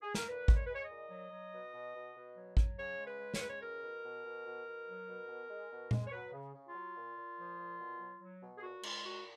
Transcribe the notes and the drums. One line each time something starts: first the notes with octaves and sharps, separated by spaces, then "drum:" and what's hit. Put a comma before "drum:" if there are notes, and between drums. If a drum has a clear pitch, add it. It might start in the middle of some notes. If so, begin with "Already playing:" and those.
G#4
A#4, drum: snare
A#2 B4
G#3, drum: kick
C#5
G#3 B4
C#5
D#5
A#2
F#3
F#3
B2
B2
B2
B2
F#3
F#3, drum: kick
C#3 C#5
G#3
B4
G#3
C#5, drum: snare
C#3 B4
C#5
B2 A#4
B2
B2
B2
B2
B2
F#3
B2
B2
G#3
B2
G#3, drum: tom A#2
C#5
F#3 B4
C#3
C#3
F4
F#3
A#2
A#2
F3
A#2
B2
F#3
F#3
B2
G#4
A#2 F#4
G#3 F4, drum: cymbal
A#2 F#4